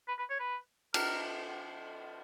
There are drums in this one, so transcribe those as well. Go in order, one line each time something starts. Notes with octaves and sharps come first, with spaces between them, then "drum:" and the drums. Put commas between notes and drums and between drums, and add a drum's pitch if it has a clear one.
B4
B4
C#5
B4
A#4, drum: cymbal